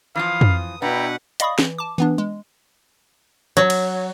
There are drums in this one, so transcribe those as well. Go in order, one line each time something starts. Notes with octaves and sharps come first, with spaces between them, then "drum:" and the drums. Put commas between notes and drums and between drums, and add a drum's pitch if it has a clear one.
E3 F3 F4 F5 D#6
drum: tom F2
B2 D4 E4 B4 F#5 G5 A#5
D5 D#5 F5 B5 C#6 D#6, drum: hi-hat
E3, drum: snare
A5 D6
E3 B3 D4
G#3
F#3
drum: cymbal